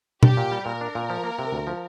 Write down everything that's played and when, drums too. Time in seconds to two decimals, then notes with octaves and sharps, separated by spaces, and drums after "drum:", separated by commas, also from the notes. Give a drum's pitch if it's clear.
0.23 D4 G4, drum: tom B2
0.37 A#2
0.52 G3
0.66 A#2 A#4
0.81 D4
0.95 A#2
1.10 F3
1.24 A#3
1.39 C3
1.52 D2
1.67 F3